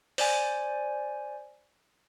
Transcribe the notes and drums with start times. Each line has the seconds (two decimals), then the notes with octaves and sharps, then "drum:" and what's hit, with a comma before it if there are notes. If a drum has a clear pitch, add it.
0.18 C5 D5 G#5, drum: open hi-hat